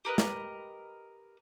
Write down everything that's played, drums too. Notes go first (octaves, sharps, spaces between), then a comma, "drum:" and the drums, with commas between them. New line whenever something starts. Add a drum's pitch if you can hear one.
G4 A#4 B4 D#5
drum: snare